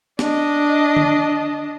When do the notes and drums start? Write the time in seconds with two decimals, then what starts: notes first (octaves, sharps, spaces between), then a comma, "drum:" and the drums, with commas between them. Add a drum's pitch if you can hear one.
0.19 D4 D#5, drum: snare
0.96 drum: tom D3